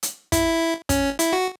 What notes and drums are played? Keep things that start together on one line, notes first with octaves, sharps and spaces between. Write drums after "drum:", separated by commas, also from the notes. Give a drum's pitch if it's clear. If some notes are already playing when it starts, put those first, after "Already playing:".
drum: hi-hat
E4, drum: kick, hi-hat
C#4, drum: kick, hi-hat
E4, drum: hi-hat
F#4